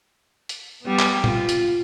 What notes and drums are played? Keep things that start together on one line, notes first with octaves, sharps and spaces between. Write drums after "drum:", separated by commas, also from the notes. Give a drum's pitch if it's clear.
drum: hi-hat
G3 B3
drum: clap
F4, drum: tom
drum: hi-hat